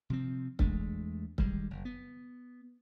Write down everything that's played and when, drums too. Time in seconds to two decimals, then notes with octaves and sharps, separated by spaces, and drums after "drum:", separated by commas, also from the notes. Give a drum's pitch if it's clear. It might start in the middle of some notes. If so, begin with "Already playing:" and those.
0.10 C3 F3 C4
0.59 E2 G#3 A3 D4, drum: kick C#1
1.38 D#3 G3 G#3, drum: kick C#1
1.71 F#1
1.85 B3